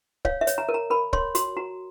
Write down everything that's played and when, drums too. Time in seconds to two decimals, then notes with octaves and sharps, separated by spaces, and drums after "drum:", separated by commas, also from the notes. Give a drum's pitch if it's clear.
0.25 C#5 F5, drum: kick
0.41 E5
0.47 C#5, drum: hi-hat
0.58 A#5
0.69 A#4
0.74 A#5
0.90 A#4 B5
1.13 C#5 C6, drum: kick
1.35 F#4 C6, drum: hi-hat
1.57 F#4 A#5